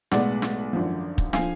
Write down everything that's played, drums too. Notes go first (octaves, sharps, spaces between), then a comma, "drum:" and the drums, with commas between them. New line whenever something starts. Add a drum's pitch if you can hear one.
B1 A2 G#3 B3 D5 F#5, drum: snare
drum: snare
G#1 F#2 D3 F3
drum: kick
D3 F3 F5 G#5, drum: snare